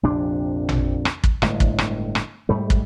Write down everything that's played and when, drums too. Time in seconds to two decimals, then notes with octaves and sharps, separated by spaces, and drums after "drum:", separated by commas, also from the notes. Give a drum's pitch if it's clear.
0.03 A#1 F2 C3 D4
0.69 drum: tom A1
1.05 drum: rim click
1.24 drum: kick
1.42 G1 A2 G#3, drum: rim click
1.60 drum: kick
1.78 drum: rim click
2.15 drum: rim click
2.49 G#2 G3 A3
2.70 drum: kick